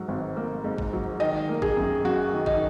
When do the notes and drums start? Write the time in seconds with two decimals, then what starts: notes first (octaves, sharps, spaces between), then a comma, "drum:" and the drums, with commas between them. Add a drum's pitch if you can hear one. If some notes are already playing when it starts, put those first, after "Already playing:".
Already playing: G#2 F#3
0.08 G#1
0.37 A#3
0.64 G#2
0.78 drum: kick G#1
0.93 F#3
1.20 D#3 D#5
1.49 A#3
1.62 G#4, drum: kick G#1
1.77 F#2
2.05 F#2 F#4
2.33 D#3
2.46 D#4, drum: kick G#1